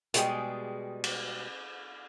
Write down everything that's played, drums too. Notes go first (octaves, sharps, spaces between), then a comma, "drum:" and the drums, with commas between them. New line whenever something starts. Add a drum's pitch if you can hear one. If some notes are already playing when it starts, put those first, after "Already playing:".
B2 G3 G#3 G#4 G5, drum: hi-hat
drum: cymbal